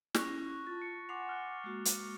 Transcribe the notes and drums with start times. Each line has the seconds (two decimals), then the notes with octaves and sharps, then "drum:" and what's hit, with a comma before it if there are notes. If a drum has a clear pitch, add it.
0.15 C#4 E4 C#6 F#6 A#6, drum: snare
0.67 F4 A5 A6
0.82 C#7
1.09 F#5 G#5 C6 D6 C7 F7
1.29 F6 F#6
1.64 G#3 A#3 F#4
1.85 drum: hi-hat